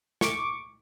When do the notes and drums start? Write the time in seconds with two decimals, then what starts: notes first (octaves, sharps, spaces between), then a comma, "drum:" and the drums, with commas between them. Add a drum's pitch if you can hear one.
0.21 C#6 D6, drum: snare